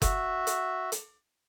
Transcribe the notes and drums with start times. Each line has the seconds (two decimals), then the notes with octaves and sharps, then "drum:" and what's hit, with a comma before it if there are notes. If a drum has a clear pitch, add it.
0.02 F#4 E5, drum: kick F#1, hi-hat
0.47 drum: hi-hat
0.92 drum: hi-hat